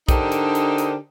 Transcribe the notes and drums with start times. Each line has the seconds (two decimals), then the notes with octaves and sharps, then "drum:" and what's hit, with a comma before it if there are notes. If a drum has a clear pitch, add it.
0.09 D3 D4 D#4 G4 A#4 C5, drum: kick, hi-hat
0.32 drum: hi-hat
0.55 drum: hi-hat
0.78 drum: hi-hat